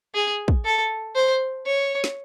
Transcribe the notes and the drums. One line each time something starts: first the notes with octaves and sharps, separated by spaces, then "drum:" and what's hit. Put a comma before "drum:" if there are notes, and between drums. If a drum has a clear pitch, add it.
G#4
drum: kick
A4
C5
C#5
drum: snare